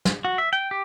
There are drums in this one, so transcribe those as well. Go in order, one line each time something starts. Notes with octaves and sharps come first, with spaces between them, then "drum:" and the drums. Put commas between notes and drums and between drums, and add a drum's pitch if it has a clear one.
drum: snare
F#4
E5
G5
G4